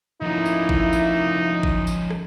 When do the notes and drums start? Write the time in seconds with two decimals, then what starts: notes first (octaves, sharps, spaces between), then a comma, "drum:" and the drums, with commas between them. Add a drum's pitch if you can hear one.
0.22 F3 A3 A#3 C#4 D#4 E4
0.46 drum: tambourine
0.69 drum: kick
0.93 drum: tambourine
1.63 drum: kick
1.87 drum: tambourine
2.10 drum: rim click